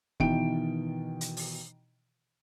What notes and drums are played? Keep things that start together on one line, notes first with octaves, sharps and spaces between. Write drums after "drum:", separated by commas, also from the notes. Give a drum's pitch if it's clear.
B2 D#3 E3 G5 D7, drum: kick F1
drum: hi-hat
drum: open hi-hat